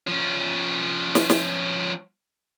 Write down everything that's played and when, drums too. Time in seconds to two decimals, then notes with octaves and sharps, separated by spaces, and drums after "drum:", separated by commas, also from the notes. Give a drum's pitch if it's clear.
0.07 F3 C#4
1.15 drum: snare
1.30 drum: snare